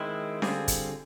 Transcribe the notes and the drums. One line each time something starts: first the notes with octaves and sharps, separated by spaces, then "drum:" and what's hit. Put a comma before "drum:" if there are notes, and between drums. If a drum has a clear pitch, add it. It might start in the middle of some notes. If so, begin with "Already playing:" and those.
Already playing: D#3 G#3 C4 E4
D3 G3 C4 F4 G#4, drum: snare C#4
drum: kick, hi-hat